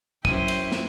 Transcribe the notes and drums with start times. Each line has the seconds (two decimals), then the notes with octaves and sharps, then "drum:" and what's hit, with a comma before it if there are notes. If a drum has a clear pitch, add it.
0.25 F#2 E4 C5 G5 D#7, drum: kick
0.48 drum: cymbal
0.72 drum: snare